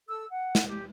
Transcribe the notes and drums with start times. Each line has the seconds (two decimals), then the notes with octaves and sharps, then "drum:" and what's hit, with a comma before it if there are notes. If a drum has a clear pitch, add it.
0.09 A4 E6
0.29 F#5
0.55 drum: snare
0.67 G4